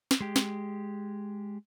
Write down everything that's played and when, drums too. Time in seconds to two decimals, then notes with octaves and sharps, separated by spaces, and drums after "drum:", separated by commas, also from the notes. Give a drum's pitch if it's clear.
0.11 drum: snare
0.21 G#3 G4
0.36 drum: snare